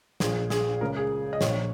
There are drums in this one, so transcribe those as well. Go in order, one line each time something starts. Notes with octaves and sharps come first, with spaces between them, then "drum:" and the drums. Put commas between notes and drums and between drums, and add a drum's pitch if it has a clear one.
A#1 A#2 G#4, drum: snare
G#4, drum: snare
C#2 C#3 A#4
G#4
D#5
A#1 A#2 C#5, drum: snare